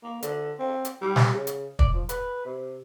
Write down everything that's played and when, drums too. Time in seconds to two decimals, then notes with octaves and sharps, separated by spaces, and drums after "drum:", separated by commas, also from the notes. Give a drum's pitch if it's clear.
0.03 A#3
0.22 D3, drum: hi-hat
0.59 C4
0.85 drum: hi-hat
1.01 G3
1.16 drum: snare
1.32 C#3
1.47 drum: hi-hat
1.79 D5, drum: kick
1.93 F3
2.09 B4, drum: hi-hat
2.45 C3